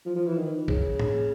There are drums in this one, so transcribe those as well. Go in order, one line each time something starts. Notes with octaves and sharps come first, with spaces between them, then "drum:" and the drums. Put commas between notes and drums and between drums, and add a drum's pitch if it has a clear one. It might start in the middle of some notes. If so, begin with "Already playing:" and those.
F3
F3
E3
D#3
C#3, drum: kick B1
drum: tom A2